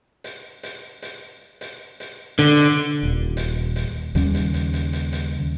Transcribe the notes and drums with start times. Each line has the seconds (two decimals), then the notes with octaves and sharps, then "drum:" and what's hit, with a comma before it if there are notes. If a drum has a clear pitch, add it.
0.24 drum: hi-hat
0.63 drum: hi-hat
1.02 drum: hi-hat
1.61 drum: hi-hat
2.00 drum: hi-hat
2.39 D3, drum: hi-hat
2.59 drum: hi-hat
3.03 D#1
3.37 drum: hi-hat
3.76 drum: hi-hat
4.15 D#2 C#3 G3 C#4, drum: hi-hat
4.34 drum: hi-hat
4.54 drum: hi-hat
4.74 drum: hi-hat
4.93 drum: hi-hat
5.13 drum: hi-hat